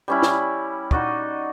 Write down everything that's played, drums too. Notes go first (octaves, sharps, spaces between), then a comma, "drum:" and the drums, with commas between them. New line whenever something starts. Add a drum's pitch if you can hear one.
G3 C#4 E4
drum: snare
D#4 F#4 D5 D#5, drum: kick